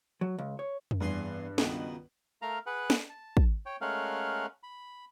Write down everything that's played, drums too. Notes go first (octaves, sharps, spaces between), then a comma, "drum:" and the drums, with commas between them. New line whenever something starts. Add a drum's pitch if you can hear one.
F#3
C#2
C#5
drum: tom F2
E2 G2 G#4 C6
C#2 B2 D#3, drum: snare
A3 A#4 F5 A#5
G#4 B4 F#5
drum: snare
A5
drum: kick
C#5 G5
G#3 A3 C#4 A#4 F5 F#5
B5